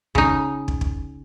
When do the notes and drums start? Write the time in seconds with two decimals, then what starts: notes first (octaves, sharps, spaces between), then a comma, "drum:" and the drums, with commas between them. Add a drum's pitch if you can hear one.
0.15 C#3 D#4, drum: kick
0.68 drum: kick
0.81 drum: kick